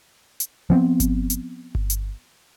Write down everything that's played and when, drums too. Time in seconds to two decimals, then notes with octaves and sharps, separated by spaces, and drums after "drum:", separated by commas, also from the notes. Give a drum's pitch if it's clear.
0.40 drum: hi-hat
0.70 F3 B3 C4
1.00 drum: kick G1, hi-hat
1.30 drum: hi-hat
1.75 drum: kick G1
1.90 drum: hi-hat